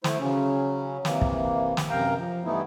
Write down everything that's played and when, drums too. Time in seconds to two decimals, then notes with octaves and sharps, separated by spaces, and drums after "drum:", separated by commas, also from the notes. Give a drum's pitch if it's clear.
0.04 A3 E4 C5, drum: snare
0.20 C#3 F#3 C#4
1.05 C3 E3 A#3, drum: snare
1.21 drum: kick
1.77 drum: snare
1.90 F#2 C3 A#4 F5 G5 A#5
2.17 F3
2.45 G2 E3 A3 B3 D#4 E4